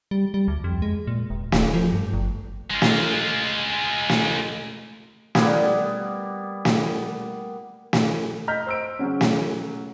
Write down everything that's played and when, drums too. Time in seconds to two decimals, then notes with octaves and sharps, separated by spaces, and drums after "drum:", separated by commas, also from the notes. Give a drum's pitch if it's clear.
0.11 G3
0.34 G3
0.48 D2
0.64 F2
0.82 G#3
1.07 A#2
1.30 E1
1.52 D1, drum: snare
1.74 F3
1.92 G2
2.13 G1
2.71 G#3 F4
2.82 drum: snare
4.09 drum: snare
5.35 G3 A#3 B3, drum: snare
6.65 drum: snare
7.93 drum: snare
8.48 D#5 A#5 F6 G6 B6
8.67 C5 E6 D7
8.99 C#3 F#3 C#4
9.21 drum: snare